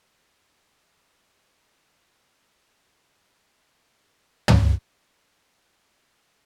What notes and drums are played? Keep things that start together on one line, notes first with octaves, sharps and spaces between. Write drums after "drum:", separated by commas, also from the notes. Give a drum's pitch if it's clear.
B2 G3 G#4 C#5
F#3 D#4 D#6 F#6 G6
G6
A#4
D4
G#3
drum: tom
F#5
C#4